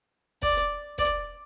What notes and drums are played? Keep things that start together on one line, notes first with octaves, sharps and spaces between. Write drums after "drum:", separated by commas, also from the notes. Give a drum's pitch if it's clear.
D5, drum: kick
D5, drum: kick